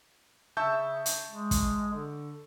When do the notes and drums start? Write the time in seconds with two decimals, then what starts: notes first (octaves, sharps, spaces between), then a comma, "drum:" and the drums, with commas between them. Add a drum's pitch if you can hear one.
0.57 C#3 E5 A5 C#6 G6
1.06 drum: hi-hat
1.28 G#3
1.51 drum: kick, hi-hat
1.93 D3